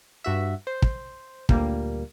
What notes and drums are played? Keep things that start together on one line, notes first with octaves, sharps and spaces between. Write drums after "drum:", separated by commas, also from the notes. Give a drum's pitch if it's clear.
G2 F#4 E5
C5
drum: kick
D2 A#2 G3 A#3, drum: kick